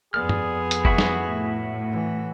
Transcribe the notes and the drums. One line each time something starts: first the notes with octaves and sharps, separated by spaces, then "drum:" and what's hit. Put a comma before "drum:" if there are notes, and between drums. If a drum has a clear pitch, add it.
F2 B3 G#4 D5 F6
drum: tom
drum: hi-hat
E4 F#4 E5, drum: kick F#1
drum: snare
A2
E3